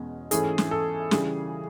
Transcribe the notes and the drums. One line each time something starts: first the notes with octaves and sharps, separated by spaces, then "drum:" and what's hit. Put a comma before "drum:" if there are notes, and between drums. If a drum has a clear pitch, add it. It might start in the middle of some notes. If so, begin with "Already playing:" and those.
Already playing: E2 B2 G#3 C#4
G#2 E3 A3 C#4 E4 G#4, drum: hi-hat
drum: snare
A4
C#3 E3 G3 G#4, drum: snare